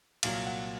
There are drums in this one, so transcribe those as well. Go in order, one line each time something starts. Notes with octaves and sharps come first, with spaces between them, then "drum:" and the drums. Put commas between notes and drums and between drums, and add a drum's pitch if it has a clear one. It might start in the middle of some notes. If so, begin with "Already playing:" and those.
C2 A#2 F#3 F5, drum: cymbal
F#5